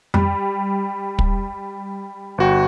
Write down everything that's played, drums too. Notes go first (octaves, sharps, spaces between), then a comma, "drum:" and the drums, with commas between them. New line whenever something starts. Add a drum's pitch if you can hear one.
G3, drum: tom F2
drum: kick
G1 F#4 G5